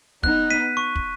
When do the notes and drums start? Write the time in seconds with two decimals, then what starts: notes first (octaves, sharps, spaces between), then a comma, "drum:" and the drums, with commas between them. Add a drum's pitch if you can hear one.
0.23 B3 D#4 F#6, drum: kick
0.50 B6 D#7
0.77 C#6
0.96 drum: kick